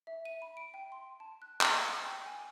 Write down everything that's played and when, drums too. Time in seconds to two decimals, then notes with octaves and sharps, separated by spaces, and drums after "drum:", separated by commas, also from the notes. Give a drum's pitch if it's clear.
0.07 E5
0.25 D#7
0.42 B5
0.57 D7
0.74 G5
0.92 C6
1.20 A5
1.42 F#6
1.61 E7, drum: clap
1.82 C#7
2.06 G5
2.26 G#5